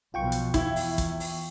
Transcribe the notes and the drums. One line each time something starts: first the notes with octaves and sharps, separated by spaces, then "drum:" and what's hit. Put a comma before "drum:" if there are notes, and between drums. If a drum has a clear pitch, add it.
B1 B2 F3 F4 G5 C#6
drum: hi-hat
E2 E4, drum: kick, hi-hat
drum: open hi-hat
drum: kick, hi-hat
drum: open hi-hat